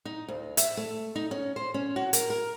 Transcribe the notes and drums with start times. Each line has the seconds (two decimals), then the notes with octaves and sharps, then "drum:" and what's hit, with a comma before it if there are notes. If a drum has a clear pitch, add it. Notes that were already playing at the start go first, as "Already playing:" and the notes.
0.05 D#4
0.28 D2
0.57 E5, drum: hi-hat
0.77 A3
1.15 D#4
1.31 C#4
1.56 C5
1.74 C#4
1.96 F#4
2.13 A#4, drum: hi-hat
2.30 A#4